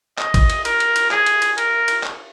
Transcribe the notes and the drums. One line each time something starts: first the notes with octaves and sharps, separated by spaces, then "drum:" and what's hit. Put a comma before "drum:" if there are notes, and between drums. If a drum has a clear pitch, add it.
D#5, drum: clap
drum: kick G#1, cymbal
drum: cymbal
A#4, drum: cymbal
drum: cymbal
drum: cymbal
G#4, drum: clap
drum: cymbal
drum: cymbal
A#4, drum: cymbal
drum: cymbal
drum: clap